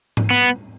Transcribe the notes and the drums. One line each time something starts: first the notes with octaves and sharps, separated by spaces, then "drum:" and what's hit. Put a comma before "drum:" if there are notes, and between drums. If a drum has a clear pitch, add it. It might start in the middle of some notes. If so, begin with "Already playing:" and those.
drum: tom G#2
B3